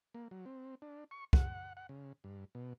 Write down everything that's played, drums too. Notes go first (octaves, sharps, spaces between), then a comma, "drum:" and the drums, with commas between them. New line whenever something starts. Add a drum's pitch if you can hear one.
A#3
F#3
C4
D4
C#6
F#5, drum: kick
F#5
C#3
G2
B2